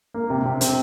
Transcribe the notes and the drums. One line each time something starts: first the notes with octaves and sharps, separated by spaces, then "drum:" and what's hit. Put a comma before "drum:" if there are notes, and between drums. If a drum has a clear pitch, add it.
A#3
C3
C3
C4, drum: hi-hat